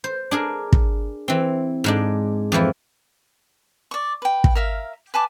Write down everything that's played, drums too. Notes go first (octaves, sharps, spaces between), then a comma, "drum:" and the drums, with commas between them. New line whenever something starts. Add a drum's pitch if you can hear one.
C5
D4 G#4 A#4
drum: kick
E3 C4
G#2 G#3 D4
F2 E3 F3 E4
D5 C#6
B4 G5
drum: kick
A#4 E5 F5
B4 G#5 A5 D6